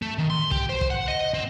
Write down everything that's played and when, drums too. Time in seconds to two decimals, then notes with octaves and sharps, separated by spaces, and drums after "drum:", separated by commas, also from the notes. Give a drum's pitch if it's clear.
0.02 A3
0.18 D#3
0.30 C6
0.51 G4, drum: kick
0.69 C5
0.81 drum: kick
0.90 F#5
1.08 D#5
1.34 C4